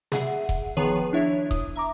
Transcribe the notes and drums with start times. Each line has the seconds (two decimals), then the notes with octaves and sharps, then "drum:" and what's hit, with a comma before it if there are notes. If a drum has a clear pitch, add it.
0.12 G#4 E5 F#5, drum: snare
0.49 drum: kick D#1
0.77 D#3 F3 B3 G#4 B4 C#5
1.13 D4 E4 C#5 E5
1.51 D#6, drum: kick D#1
1.76 E5 A#5 D6